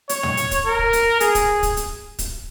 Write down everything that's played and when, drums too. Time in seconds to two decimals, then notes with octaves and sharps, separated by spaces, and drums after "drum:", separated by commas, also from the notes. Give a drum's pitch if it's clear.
0.09 C#5, drum: hi-hat
0.23 drum: tom
0.37 drum: hi-hat
0.51 drum: kick, hi-hat
0.66 A#4
0.79 drum: kick
0.93 drum: hi-hat
1.20 G#4, drum: hi-hat
1.35 drum: kick, hi-hat
1.63 drum: kick, hi-hat
1.77 drum: hi-hat
2.19 drum: kick, hi-hat